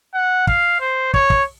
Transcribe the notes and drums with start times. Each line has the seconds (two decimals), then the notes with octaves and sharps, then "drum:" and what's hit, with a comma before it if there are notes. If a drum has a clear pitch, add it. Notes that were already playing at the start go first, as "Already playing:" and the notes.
0.14 F#5
0.47 F5, drum: kick
0.80 C5
1.14 C#5, drum: kick
1.30 drum: kick